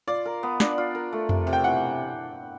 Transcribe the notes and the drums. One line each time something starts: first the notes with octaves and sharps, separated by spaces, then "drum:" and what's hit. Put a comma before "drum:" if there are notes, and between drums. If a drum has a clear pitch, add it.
F4 D5
A#4
B3
D4, drum: snare
F4
A#4
A3
C3, drum: tom F2
C3
G5
E3 F#5